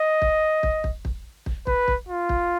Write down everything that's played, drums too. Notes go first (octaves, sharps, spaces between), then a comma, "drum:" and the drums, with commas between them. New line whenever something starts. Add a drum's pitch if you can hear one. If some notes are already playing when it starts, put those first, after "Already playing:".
Already playing: D#5
drum: kick
drum: kick
drum: kick
drum: kick
drum: kick
B4, drum: kick
drum: kick
F4
drum: kick